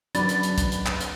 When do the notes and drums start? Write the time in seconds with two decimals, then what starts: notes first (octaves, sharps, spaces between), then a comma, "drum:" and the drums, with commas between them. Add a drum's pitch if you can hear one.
0.15 F#2 D4 B4 D5 F#5 B5 A6, drum: hi-hat
0.29 drum: hi-hat
0.43 drum: hi-hat
0.58 drum: kick, hi-hat
0.72 drum: hi-hat
0.86 drum: clap
1.01 drum: hi-hat